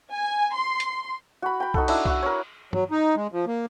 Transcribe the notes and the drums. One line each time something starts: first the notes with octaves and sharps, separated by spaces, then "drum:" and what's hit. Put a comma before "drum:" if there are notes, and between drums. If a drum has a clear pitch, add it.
G#5
C6
drum: hi-hat
F#4 B5
G5 B5
D#4 F#4 A4, drum: kick C2
D4 E4 E6, drum: cymbal
F#4 F#5, drum: kick C2
A#4 C#5
F#3, drum: tom G2
D#4
G#3
F3
A#3